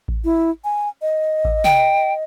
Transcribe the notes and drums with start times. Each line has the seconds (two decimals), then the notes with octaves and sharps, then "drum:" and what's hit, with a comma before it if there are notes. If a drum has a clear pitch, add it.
0.08 drum: kick A1
0.25 E4
0.64 G#5
1.02 D#5
1.45 drum: kick A1
1.64 G5, drum: tom